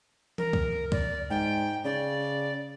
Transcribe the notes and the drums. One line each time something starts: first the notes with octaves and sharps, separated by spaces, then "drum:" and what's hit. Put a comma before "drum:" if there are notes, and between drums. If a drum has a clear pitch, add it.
A#4, drum: tom E3
drum: kick C2
D5, drum: kick C2
G#2 G5
C#3 D5